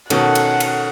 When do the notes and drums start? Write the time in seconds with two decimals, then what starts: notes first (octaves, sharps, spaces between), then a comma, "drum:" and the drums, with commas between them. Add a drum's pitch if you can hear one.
0.10 B2 D#3 C#4 A4 F#5, drum: cymbal
0.35 drum: cymbal
0.60 drum: cymbal